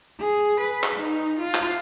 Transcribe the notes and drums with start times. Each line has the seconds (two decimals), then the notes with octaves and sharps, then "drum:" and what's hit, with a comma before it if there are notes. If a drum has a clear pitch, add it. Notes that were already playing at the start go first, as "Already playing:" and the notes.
0.20 G#4
0.60 B4
0.84 drum: clap
0.99 D#4
1.39 F4
1.54 drum: clap